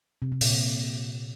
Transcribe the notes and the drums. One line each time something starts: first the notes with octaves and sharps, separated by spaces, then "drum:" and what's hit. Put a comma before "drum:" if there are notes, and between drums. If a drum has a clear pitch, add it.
C3
C3
A#2, drum: open hi-hat
C3